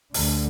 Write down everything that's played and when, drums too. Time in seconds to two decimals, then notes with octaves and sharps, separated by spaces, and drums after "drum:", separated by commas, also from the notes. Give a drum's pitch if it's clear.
0.14 D2 D3, drum: open hi-hat